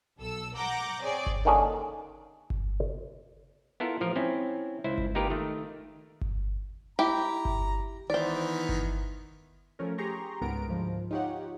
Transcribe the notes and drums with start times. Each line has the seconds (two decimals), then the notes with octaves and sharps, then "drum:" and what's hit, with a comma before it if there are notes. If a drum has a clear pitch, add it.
0.18 B1 A4 E6
0.54 F#5 A#5 D6 G6 A#6
1.01 C4 G#4 C#5 D5
1.26 drum: kick G1
1.45 D3 D#3 A#3 C#4 D4 G#4
2.50 drum: kick G1
3.80 B3 E4 F4 A4 A#4
4.01 A1 F3 A#4
4.16 C4 C#4 E4
4.84 C#2 E4 C5
4.98 drum: kick G1
5.15 A#3 D#4 F4 G4 A#4 B4
5.30 D#3 A3
6.21 drum: kick G1
6.99 E4 G4 G5 A#5
7.45 drum: kick G1
8.10 D#3 E3 B3 C5 D5
8.69 drum: kick G1
9.79 F3 A3 C#4 A#4
9.98 G4 G#4 A#5 C6 C#6
10.41 C#2 G#2 B3 A#4 A#5 D7
10.67 D2 G#2 F3
11.11 D#4 F4 G4 C#5 F#5